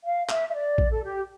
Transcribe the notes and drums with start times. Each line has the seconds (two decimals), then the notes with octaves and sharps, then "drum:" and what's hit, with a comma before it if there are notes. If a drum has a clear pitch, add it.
0.05 F5
0.29 E5, drum: clap
0.48 E5
0.54 D5
0.78 drum: kick
0.91 A4
1.03 G4